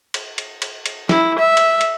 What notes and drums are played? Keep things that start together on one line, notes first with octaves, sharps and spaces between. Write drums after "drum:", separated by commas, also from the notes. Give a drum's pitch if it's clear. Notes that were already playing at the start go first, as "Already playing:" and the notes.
drum: cymbal
drum: cymbal
drum: cymbal
drum: cymbal
E4, drum: snare
E5
drum: cymbal
drum: cymbal